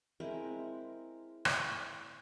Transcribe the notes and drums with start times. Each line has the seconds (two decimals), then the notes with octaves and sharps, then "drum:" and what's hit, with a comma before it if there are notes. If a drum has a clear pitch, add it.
0.20 G#3 C4 E4 A#4
1.45 drum: rim click